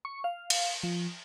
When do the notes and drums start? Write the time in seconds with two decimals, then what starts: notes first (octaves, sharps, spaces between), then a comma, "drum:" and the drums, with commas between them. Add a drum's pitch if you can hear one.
0.05 C#6
0.24 F5
0.50 drum: cymbal
0.83 F3